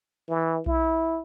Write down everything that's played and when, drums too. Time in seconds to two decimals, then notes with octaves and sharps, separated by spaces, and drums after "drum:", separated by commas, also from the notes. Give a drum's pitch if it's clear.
0.29 E3
0.66 E4, drum: kick B1